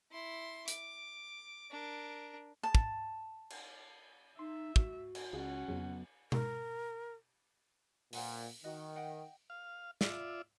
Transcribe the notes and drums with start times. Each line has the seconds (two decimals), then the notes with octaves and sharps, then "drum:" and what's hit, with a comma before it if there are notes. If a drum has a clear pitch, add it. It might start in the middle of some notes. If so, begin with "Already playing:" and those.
0.11 E4 C6
0.68 D6, drum: hi-hat
1.71 D4 A#4
2.63 A5
2.75 drum: kick
3.50 drum: cymbal
4.39 D#4 E5 C6
4.76 G#2 F#4, drum: kick
5.15 drum: cymbal
5.33 C#2 C#4 F4 G#4 F#5
5.68 F2 C#3 F#3 G#3 B3
6.32 A#4, drum: tom B2
8.13 A#2 C5 F#5 G#5, drum: open hi-hat
8.64 D#3 F#4 D#5
8.95 D#5 F#5 G5
9.50 F5
10.01 F4 D5 E5, drum: snare